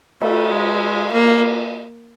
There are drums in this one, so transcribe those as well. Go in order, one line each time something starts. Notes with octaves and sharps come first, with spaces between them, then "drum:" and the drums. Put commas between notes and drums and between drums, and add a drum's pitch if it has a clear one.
A3, drum: cymbal
G#3
A#3